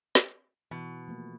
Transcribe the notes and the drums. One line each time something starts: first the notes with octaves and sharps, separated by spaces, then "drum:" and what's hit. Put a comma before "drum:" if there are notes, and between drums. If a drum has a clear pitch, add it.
drum: snare
B2 E3
F3 A3 A#3